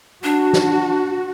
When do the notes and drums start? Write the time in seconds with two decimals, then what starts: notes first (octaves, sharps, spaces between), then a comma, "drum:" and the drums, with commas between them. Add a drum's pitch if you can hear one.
0.24 D4 F#4
0.53 drum: snare